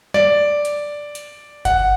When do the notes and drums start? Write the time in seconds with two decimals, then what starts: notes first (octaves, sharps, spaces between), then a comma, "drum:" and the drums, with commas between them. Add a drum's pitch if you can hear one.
0.14 D5, drum: snare
0.65 drum: hi-hat
1.15 drum: hi-hat
1.65 F#5, drum: kick G1, hi-hat